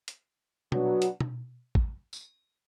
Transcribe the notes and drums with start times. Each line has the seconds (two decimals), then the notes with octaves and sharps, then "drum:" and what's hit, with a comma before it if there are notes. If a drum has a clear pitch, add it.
0.08 drum: hi-hat
0.72 F#3 B3 D4 F#4, drum: tom B2
1.02 drum: hi-hat
1.20 drum: tom B2
1.75 drum: kick A1
2.13 drum: tambourine